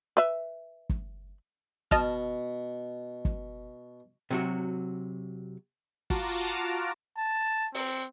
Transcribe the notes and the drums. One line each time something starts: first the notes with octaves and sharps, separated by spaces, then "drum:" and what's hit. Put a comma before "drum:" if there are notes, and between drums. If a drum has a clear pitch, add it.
B4 E5
drum: kick
B2 D#5 A5 F6, drum: kick
drum: kick
C3 F#3 F#4
F4 F#4 A5 A#5 D6, drum: kick
A5
C4, drum: open hi-hat